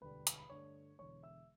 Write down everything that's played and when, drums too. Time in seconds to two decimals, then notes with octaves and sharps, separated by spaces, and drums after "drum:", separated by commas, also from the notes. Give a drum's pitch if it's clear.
0.01 E1 D2 D3 G3 B4 B5
0.27 drum: hi-hat
0.38 B5
0.50 G2 D3 A3 D4 C#5 C#6
0.98 E1 E2 D3 C#5 C#6
1.23 E5 E6